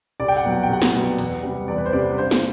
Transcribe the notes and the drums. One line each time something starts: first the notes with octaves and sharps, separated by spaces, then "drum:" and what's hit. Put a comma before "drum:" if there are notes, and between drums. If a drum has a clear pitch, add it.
C2 D5
G5
F#5
B2 F#3
F#5
G5
C2 F#5
drum: snare
B2 F#3
E2, drum: hi-hat
C3 G3
E2 D5
B4
C5
C3 G3 D5
G2 C5
drum: snare